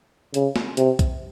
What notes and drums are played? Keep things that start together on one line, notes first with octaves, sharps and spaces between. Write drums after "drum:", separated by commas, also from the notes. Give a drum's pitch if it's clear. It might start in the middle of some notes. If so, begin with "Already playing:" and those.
C#3, drum: hi-hat
drum: snare
C3, drum: hi-hat
drum: kick, hi-hat